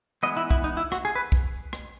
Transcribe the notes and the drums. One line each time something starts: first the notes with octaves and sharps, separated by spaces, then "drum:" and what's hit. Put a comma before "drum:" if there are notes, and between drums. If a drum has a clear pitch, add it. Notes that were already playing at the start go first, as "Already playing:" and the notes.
E3 G#3 B3 D#5
E4
E4, drum: kick
D#4
E4
F#4, drum: rim click
G#4
B4
drum: kick
drum: rim click